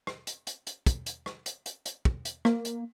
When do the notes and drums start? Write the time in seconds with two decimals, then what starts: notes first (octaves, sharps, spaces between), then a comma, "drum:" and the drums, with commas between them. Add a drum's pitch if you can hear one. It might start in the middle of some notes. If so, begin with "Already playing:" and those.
0.07 drum: rim click
0.27 drum: hi-hat
0.47 drum: hi-hat
0.67 drum: hi-hat
0.86 drum: kick, hi-hat
1.06 drum: hi-hat
1.26 drum: rim click
1.46 drum: hi-hat
1.66 drum: hi-hat
1.86 drum: hi-hat
2.05 drum: kick
2.25 drum: hi-hat
2.45 A#3, drum: rim click
2.65 drum: hi-hat